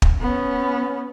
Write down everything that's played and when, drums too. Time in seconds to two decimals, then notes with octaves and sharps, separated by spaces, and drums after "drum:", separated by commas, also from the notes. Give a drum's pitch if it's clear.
0.02 drum: kick
0.21 B3 C#4